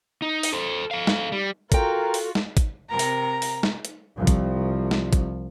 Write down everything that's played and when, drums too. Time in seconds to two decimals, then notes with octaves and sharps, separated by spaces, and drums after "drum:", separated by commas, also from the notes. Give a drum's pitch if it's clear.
0.22 D#4
0.43 drum: open hi-hat
0.53 A4 C5
0.91 A4 F5
1.07 drum: snare
1.32 G3
1.72 F4 F#4 A4 A#4 G5 A#5, drum: kick, hi-hat
2.14 drum: open hi-hat
2.35 drum: snare
2.57 drum: kick, hi-hat
2.90 C3 A#4 A#5
2.99 drum: open hi-hat
3.42 drum: open hi-hat
3.63 drum: snare
3.85 drum: hi-hat
4.18 C2 F3
4.27 drum: kick, hi-hat
4.91 drum: snare
5.13 drum: kick, hi-hat